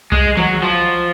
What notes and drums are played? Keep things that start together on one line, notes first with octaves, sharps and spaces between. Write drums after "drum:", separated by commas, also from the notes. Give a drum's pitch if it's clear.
G#3, drum: kick C2
F#3, drum: tom D#3
F3